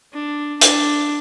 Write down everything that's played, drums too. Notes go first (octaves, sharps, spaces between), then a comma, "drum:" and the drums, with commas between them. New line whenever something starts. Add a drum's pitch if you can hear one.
D4
D4, drum: hi-hat